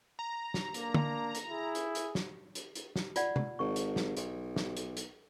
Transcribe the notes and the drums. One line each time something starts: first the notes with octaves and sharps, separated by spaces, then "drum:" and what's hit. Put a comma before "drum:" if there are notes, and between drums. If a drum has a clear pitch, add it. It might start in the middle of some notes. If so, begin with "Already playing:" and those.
A#5
drum: snare
A#3 D4, drum: hi-hat
drum: tom
drum: hi-hat
E4 G#4
drum: hi-hat
drum: hi-hat
drum: snare
drum: hi-hat
drum: hi-hat
drum: snare
F4 D5 F#5, drum: hi-hat
drum: tom C3
G#1 C#6
drum: hi-hat
drum: snare
B1, drum: hi-hat
drum: snare
drum: hi-hat
drum: hi-hat